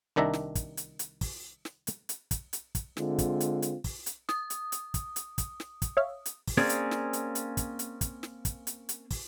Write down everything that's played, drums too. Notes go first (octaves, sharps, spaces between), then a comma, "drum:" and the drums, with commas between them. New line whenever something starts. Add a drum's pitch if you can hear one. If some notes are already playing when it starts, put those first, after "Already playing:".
C2 D#3 D4 E5 A#5
drum: snare
drum: kick, hi-hat
drum: hi-hat
drum: hi-hat
drum: kick, open hi-hat
drum: snare
drum: hi-hat
drum: hi-hat
drum: kick, hi-hat
drum: hi-hat
drum: kick, hi-hat
D3 G#3 C4 F4, drum: snare
drum: kick, hi-hat
drum: hi-hat
drum: hi-hat
drum: kick, open hi-hat
drum: hi-hat
D#6, drum: snare
drum: hi-hat
drum: hi-hat
drum: kick, hi-hat
drum: hi-hat
drum: kick, hi-hat
drum: snare
drum: kick, hi-hat
C#5 E5 F5
drum: hi-hat
drum: kick, open hi-hat
A#3 C4 C#4 G#4 D5
drum: hi-hat
drum: snare
drum: hi-hat
drum: hi-hat
drum: kick, hi-hat
drum: hi-hat
drum: kick, hi-hat
drum: snare
drum: kick, hi-hat
drum: hi-hat
drum: hi-hat
drum: kick, open hi-hat